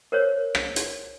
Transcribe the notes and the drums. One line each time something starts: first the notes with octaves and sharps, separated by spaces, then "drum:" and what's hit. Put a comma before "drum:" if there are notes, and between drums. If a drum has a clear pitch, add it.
A#4 C5 C#5
drum: rim click
drum: hi-hat